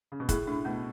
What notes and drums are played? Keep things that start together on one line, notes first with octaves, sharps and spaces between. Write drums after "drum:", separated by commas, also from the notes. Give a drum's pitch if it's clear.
C#3
B2
A2 G#4, drum: kick, hi-hat
A2 D4
B2 A3